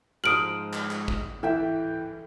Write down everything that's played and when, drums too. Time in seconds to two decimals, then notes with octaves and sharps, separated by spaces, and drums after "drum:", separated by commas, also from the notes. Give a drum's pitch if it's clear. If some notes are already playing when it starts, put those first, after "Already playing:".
0.24 G#2 F3 G#3 D#6 F6 D7 F#7
0.73 drum: clap
0.91 drum: clap
1.08 drum: kick
1.43 E3 A4 E5 G5